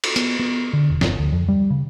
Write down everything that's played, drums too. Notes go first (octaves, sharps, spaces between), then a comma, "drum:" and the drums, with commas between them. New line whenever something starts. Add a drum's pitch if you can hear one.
drum: cymbal
B3, drum: hi-hat
B3
D3
E1
G1, drum: snare
D2
F2
G3
C#3